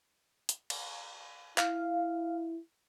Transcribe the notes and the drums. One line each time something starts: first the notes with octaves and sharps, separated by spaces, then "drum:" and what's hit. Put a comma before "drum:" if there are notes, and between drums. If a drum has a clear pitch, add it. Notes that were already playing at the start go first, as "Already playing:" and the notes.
drum: hi-hat
drum: cymbal
E4 F5, drum: clap